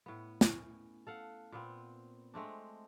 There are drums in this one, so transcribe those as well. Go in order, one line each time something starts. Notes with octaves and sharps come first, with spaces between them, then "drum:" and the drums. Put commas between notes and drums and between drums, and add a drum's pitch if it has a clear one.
A2 B3
C#4, drum: snare
A4 F5 F#5
A#2 B3 C4
G#3 A3 C4 D4